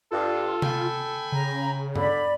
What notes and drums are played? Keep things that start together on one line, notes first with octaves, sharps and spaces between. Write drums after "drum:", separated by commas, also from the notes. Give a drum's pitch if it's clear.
G2 F4 A4
G5 G#5 B5, drum: tom C3
C#3 A#5
D3 D5 B5, drum: tom G2